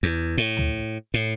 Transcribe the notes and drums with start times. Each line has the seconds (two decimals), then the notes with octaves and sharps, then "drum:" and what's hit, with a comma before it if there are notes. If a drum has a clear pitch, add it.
0.03 E2
0.37 A2
0.57 drum: tom
1.14 A2